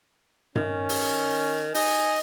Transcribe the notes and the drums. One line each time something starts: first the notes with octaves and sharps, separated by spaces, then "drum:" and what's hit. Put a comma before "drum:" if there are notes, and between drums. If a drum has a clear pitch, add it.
D#3 C#4, drum: tom G2
drum: open hi-hat
D#4 D#5 G#5, drum: open hi-hat